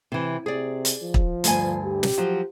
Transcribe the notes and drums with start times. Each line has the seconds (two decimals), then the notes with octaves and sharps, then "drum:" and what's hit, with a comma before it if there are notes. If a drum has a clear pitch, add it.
0.12 C3 E3
0.46 C3 G#4 D5
0.85 drum: hi-hat
1.03 F3
1.14 drum: kick
1.44 D2 G2 G#5, drum: hi-hat
1.85 G4
2.03 drum: snare
2.18 F3 F#3